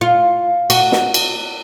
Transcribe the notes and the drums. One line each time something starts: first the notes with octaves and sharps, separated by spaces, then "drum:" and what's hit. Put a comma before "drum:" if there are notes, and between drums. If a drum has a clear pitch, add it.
F4
F#4, drum: cymbal
drum: snare
drum: cymbal